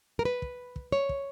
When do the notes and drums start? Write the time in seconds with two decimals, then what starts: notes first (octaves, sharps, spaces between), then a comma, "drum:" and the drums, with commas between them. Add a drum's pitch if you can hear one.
0.19 A#4
0.25 B4
0.42 drum: kick
0.76 drum: kick
0.92 C#5
1.09 drum: kick